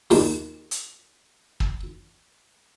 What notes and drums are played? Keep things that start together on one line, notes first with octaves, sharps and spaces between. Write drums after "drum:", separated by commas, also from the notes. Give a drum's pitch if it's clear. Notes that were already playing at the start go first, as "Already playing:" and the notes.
D#2 A#2 F3, drum: open hi-hat
drum: hi-hat
drum: kick